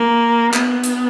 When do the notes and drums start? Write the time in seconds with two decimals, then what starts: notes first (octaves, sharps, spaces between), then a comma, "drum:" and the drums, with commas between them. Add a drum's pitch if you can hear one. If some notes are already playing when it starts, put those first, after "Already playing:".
Already playing: A#3
0.53 B3, drum: clap
0.84 drum: hi-hat